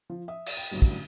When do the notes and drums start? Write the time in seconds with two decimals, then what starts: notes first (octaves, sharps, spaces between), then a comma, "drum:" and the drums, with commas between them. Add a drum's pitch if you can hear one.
0.10 F3
0.28 E5 D#6
0.46 drum: cymbal
0.57 G5
0.71 A1 G2 D3 F#3 G3
0.82 drum: kick